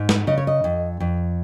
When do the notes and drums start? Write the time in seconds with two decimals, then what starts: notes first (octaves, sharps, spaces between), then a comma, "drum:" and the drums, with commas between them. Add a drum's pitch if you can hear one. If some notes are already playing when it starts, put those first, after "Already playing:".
Already playing: G#2
0.09 B4, drum: snare
0.27 C#3 D#5
0.38 C#5
0.47 D#5
0.64 F2
1.00 F2